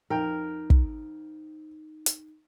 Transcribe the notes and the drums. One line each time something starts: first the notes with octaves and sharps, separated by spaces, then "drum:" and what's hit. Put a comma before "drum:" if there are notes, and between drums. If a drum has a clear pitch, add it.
F2 D#4 A#4 G5
drum: kick
drum: hi-hat